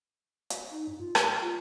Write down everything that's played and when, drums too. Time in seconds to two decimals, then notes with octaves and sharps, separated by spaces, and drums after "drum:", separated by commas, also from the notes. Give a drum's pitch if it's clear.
0.50 drum: hi-hat
0.70 D#4
0.87 G2
1.00 F4
1.15 G4, drum: rim click
1.28 F6
1.42 F4